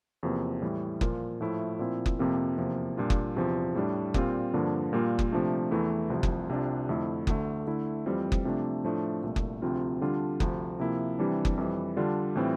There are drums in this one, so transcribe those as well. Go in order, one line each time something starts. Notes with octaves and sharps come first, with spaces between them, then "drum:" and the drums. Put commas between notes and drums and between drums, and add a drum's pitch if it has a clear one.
E2 C3 F3 A#3
A2 E3 G3
A#2 F3 A#3 F4, drum: kick F#1
A2 F3 A3 E4
A#2 F3 C4 E4
drum: kick F#1
F2 C3 F3 A#3
E2 C3 F3 A#3
A#2 G3 D4 F4
drum: kick F#1
E2 C3 F3
A2 G3 D4
A#2 G3 C4 F4, drum: kick F#1
G2 D3 F3 A#3 D4
A#2 G3 A#3 F4
drum: kick F#1
C3 F3 A3 D4
E2 E3 A3 E4
C2 C3 F3
drum: kick F#1
C2 C3 G3 D4 F4
F2 D3 A3 E4
D2 D3 A3, drum: kick F#1
D3 A3 E4
F2 E3 G3 C4 F4
drum: kick F#1
C3 F3 A3 D4
A2 F3 A3 D4
C2 A#2 A3
drum: kick F#1
D2 C3 F3 C4 F4
D3 G3 D4 F4
D2 C3 F3, drum: kick F#1
C3 F3 A#3 E4
C3 E3 G3 D4
drum: kick F#1
F2 E3 G3
D3 G3 D4 F4
A2 E3 G3 C4 F4